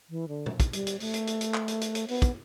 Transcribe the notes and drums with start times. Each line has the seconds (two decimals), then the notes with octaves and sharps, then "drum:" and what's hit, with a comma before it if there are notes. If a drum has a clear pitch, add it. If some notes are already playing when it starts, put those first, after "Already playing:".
0.10 E3
0.28 D3
0.46 drum: tom A#2
0.60 drum: kick, hi-hat
0.73 G3, drum: hi-hat
0.87 drum: hi-hat
1.00 A3, drum: open hi-hat
1.14 drum: hi-hat
1.27 drum: hi-hat
1.41 drum: hi-hat
1.54 drum: clap
1.68 drum: hi-hat
1.81 drum: hi-hat
1.95 drum: hi-hat
2.08 B3, drum: open hi-hat
2.22 drum: kick, hi-hat